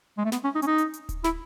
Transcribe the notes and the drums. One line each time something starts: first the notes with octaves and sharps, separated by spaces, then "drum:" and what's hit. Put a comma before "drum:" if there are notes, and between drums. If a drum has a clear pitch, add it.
G#3
A3
B3, drum: snare
C#4
D#4
C#4, drum: hi-hat
D#4
drum: hi-hat
drum: hi-hat
drum: kick D1, hi-hat
E4, drum: snare